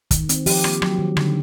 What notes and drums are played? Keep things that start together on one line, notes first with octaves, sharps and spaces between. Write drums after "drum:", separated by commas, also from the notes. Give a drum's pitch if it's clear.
D#3, drum: kick, hi-hat
C4, drum: hi-hat
F3 G4, drum: open hi-hat
A#3, drum: rim click
F#3, drum: rim click
D#3
D3, drum: rim click